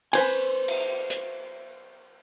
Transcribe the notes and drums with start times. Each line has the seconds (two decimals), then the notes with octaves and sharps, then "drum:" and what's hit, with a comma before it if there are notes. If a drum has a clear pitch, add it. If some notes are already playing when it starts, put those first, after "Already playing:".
0.13 B4 C5 G#5, drum: cymbal
0.68 drum: cymbal
1.10 drum: hi-hat